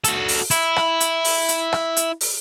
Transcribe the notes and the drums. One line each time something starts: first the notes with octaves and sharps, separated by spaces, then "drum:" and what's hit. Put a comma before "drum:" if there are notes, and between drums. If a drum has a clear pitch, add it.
F#4 A4, drum: hi-hat
drum: open hi-hat
E4, drum: hi-hat
drum: rim click
drum: hi-hat
drum: open hi-hat
drum: hi-hat
drum: rim click
drum: hi-hat
drum: open hi-hat